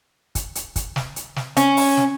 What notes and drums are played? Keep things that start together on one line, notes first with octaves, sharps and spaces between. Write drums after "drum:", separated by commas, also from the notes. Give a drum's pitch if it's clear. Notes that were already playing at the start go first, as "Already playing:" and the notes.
drum: kick, hi-hat
drum: hi-hat
drum: kick, hi-hat
drum: snare
drum: hi-hat
drum: snare
C#4, drum: hi-hat
drum: open hi-hat
drum: snare